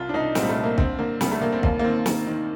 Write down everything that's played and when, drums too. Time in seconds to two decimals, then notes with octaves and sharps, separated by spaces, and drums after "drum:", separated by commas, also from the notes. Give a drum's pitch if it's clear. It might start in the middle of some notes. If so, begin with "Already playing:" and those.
Already playing: C2 F4
0.09 D4
0.14 C2 D#4
0.35 A#2 C4, drum: snare
0.43 G3
0.49 A3
0.57 C2
0.64 A#3
0.78 D3 C4, drum: kick
0.99 D3 A#3
1.21 D2 G3, drum: snare
1.32 A3
1.41 D2 A#3
1.52 C4
1.63 D#2 A#3, drum: kick
1.79 A#3
1.84 D#3 C4
2.06 D#3, drum: snare
2.27 D#3